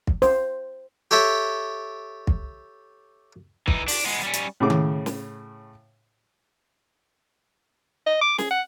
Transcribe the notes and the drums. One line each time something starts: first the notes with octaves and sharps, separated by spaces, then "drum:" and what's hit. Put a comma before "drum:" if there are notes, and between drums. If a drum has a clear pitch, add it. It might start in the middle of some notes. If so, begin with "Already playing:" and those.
drum: kick
C5, drum: snare
G4 A4 C#5 E5 G5
drum: kick
E3 D#4, drum: kick
D4, drum: open hi-hat
G#3 B3
G3 C#4
drum: hi-hat
A2 C#3 D6
drum: tom D#3
drum: snare
D#5
D6
G#4, drum: snare
F#5